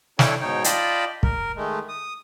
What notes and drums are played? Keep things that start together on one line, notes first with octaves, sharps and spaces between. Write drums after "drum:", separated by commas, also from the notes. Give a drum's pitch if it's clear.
D4 E4 A4 C#5 G5, drum: snare
G#2 B2 D#4 C#5 G5
F4 D5 D#5 G5 A5 B5, drum: hi-hat
A#4, drum: kick
D#3 G#3 A3
D#6